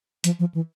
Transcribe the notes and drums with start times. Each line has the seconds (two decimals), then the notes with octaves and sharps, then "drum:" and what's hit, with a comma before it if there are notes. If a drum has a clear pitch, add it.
0.24 F3, drum: hi-hat
0.39 F3
0.55 E3